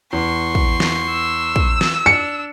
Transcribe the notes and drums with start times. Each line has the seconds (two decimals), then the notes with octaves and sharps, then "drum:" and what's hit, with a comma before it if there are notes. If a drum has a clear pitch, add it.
0.13 E2 C6 C#6
0.55 drum: kick
0.80 drum: snare
1.10 E6
1.56 drum: kick
1.81 drum: snare
2.06 D4 C#7